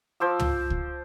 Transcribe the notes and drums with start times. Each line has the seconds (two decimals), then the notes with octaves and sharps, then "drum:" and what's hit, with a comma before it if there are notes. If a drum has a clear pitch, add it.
0.20 F3 C5 D6 E6
0.39 drum: tom
0.70 drum: kick C#2